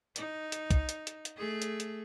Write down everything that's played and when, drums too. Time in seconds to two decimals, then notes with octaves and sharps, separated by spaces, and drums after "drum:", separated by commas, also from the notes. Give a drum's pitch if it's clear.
0.16 D#4, drum: hi-hat
0.52 drum: hi-hat
0.71 drum: kick, hi-hat
0.89 drum: hi-hat
1.07 drum: hi-hat
1.25 drum: hi-hat
1.37 A3 G#4
1.62 drum: hi-hat
1.80 drum: hi-hat